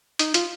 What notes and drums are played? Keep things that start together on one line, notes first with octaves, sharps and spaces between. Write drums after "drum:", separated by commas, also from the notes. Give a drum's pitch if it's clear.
D#4, drum: hi-hat
F4, drum: hi-hat